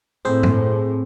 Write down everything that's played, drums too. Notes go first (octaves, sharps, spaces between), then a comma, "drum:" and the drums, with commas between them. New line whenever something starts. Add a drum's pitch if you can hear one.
A2 C4 G#4 C5
drum: tom G2